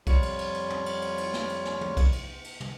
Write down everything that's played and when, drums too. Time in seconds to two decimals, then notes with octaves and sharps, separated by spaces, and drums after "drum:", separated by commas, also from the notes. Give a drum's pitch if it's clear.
0.07 F2 G3 F4 C#5, drum: kick B1, cymbal
0.23 drum: cymbal
0.38 drum: cymbal
0.54 drum: cymbal
0.70 drum: tom
0.86 drum: cymbal
1.02 drum: cymbal
1.18 drum: cymbal
1.34 drum: snare
1.49 drum: cymbal
1.65 drum: snare
1.81 drum: tom
1.97 drum: kick B1, cymbal
2.13 drum: cymbal
2.44 drum: cymbal
2.60 drum: tom